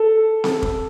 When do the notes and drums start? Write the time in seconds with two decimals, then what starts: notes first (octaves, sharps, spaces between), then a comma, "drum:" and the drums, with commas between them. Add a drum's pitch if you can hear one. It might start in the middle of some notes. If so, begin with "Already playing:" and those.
Already playing: A4
0.44 drum: snare C4
0.63 drum: kick